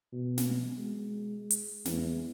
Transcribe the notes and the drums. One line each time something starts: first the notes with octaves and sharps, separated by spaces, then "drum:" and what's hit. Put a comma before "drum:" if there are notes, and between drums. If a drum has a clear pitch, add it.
B2
drum: snare
G#3
drum: hi-hat
E2, drum: snare